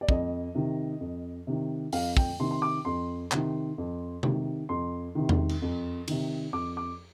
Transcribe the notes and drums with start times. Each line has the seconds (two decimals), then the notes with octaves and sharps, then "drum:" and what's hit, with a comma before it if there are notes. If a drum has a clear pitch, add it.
0.01 D5
0.09 F2 D#5, drum: kick
0.55 C3 D#3
1.01 F2
1.47 C3 D#3
1.93 F2 F5, drum: open hi-hat
2.17 G5, drum: kick
2.40 C3 D#3 C6
2.51 C6
2.62 D6
2.85 F2 C6
3.32 C3 D#3, drum: clap
3.78 F2
4.23 C3 D#3, drum: tom C3
4.69 F2 C6
5.15 C3 D#3
5.29 drum: tom E2
5.49 drum: cymbal
5.62 F2
6.08 C3 D#3, drum: cymbal
6.53 F2 D6
6.77 D6